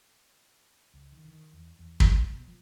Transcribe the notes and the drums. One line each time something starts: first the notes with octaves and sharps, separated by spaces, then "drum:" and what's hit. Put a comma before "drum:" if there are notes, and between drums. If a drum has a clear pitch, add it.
C#2
D#3
D#3
E2
E2
F3, drum: kick
G#2
B2
F3